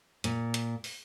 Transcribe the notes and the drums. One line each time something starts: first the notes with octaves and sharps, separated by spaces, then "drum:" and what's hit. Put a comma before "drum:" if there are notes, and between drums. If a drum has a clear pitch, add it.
A#2, drum: hi-hat
drum: hi-hat
drum: open hi-hat